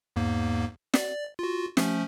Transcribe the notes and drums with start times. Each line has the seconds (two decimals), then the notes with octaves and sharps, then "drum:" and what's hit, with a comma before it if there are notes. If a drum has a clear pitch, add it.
0.16 E2 G#2 A#3
0.94 D5, drum: snare
1.39 F4 F#4
1.77 F3 A3 C#4, drum: snare